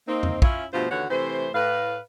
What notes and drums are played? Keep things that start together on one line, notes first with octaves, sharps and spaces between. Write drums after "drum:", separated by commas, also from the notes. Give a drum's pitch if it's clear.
A#3 C4 D#4
drum: tom E2
C#4 E4 F4, drum: kick
G2 B2 F3 A3 F4 C5
D#2 D3 E3 F#4 C#5 F#5
C3 E3 A3 C5
A2 B4 F5